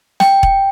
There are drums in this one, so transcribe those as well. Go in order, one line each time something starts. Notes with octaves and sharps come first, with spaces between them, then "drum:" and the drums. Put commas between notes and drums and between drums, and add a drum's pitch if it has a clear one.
G5, drum: snare
drum: kick E1